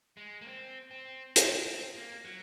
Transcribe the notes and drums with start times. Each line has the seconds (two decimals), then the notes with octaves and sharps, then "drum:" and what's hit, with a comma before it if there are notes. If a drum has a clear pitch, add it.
0.17 G#3
0.41 A#3
0.46 C4
0.91 C4
1.36 C4, drum: hi-hat
1.66 C4
1.95 A#3
2.25 F#3